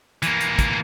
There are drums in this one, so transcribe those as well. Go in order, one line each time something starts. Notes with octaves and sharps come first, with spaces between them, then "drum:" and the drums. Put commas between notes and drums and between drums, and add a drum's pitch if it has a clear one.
E3 A#3, drum: hi-hat
drum: hi-hat
drum: kick, hi-hat